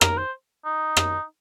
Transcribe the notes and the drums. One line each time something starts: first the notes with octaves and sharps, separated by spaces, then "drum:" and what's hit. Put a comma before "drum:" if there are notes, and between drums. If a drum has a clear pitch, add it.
A#4, drum: rim click
C5
D#4
drum: rim click